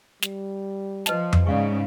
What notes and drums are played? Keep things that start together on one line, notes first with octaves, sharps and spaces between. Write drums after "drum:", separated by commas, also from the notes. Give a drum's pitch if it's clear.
G3, drum: snare
F3 B4 D#5 A5, drum: snare
drum: tom F2
G#2 C#3 G#3 D5 F5 C#6